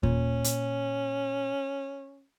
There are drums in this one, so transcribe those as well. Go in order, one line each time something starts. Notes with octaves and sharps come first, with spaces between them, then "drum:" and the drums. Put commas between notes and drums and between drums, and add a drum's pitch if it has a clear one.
A#2 C#4, drum: kick D#2
drum: hi-hat